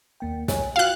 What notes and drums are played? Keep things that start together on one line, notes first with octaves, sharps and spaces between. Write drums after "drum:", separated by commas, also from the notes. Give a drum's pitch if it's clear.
D#2 A#3 G5
C#5 G#5, drum: snare
F4 F#4 F5 G5 F#6